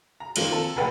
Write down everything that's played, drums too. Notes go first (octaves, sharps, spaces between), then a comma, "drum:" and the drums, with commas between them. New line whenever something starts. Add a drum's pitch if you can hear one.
A#5
D#3 F3 A#3 C4, drum: cymbal
A4
F1 A#1 A#4 B4 F#5 G5